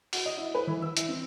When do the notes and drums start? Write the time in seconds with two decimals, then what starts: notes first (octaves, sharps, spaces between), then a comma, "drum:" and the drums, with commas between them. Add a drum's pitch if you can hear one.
0.13 F#4, drum: open hi-hat
0.26 D#5
0.38 E4
0.55 B4
0.67 E3
0.82 E6
0.97 E4, drum: hi-hat
1.09 C4